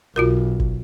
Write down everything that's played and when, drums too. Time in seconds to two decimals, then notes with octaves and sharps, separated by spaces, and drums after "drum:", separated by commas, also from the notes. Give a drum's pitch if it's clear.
0.16 B1 F4 F#4 A#4
0.60 drum: kick G1